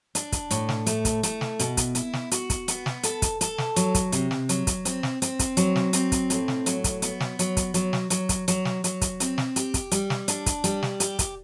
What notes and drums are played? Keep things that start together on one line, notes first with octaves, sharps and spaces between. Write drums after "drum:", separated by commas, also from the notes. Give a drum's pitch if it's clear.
D4, drum: hi-hat
drum: kick, hi-hat
A2, drum: hi-hat
drum: snare
A3, drum: hi-hat
drum: kick, hi-hat
A3, drum: hi-hat
drum: snare
B2, drum: hi-hat
drum: kick, hi-hat
E4, drum: hi-hat
drum: snare
F#4, drum: hi-hat
drum: kick, hi-hat
B3, drum: hi-hat
drum: snare
A4, drum: hi-hat
drum: kick, hi-hat
A4, drum: hi-hat
drum: snare
F#3, drum: hi-hat
drum: kick, hi-hat
C3, drum: hi-hat
drum: snare
F#3, drum: hi-hat
drum: kick, hi-hat
C4, drum: hi-hat
drum: snare
C4, drum: hi-hat
drum: kick, hi-hat
F#3, drum: hi-hat
drum: snare
C4, drum: hi-hat
drum: kick, hi-hat
A2, drum: hi-hat
drum: snare
F#3, drum: hi-hat
drum: kick, hi-hat
B3, drum: hi-hat
drum: snare
F#3, drum: hi-hat
drum: kick, hi-hat
F#3, drum: hi-hat
drum: snare
F#3, drum: hi-hat
drum: kick, hi-hat
F#3, drum: hi-hat
drum: snare
F#3, drum: hi-hat
drum: kick, hi-hat
C4, drum: hi-hat
drum: snare
G4, drum: hi-hat
drum: kick, hi-hat
G3, drum: hi-hat
drum: snare
D4, drum: hi-hat
drum: kick, hi-hat
G3, drum: hi-hat
drum: snare
G4, drum: hi-hat
drum: kick, hi-hat